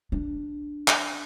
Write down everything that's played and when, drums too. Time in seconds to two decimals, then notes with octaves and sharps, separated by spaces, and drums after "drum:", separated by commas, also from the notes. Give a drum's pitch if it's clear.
0.12 D4
0.88 drum: clap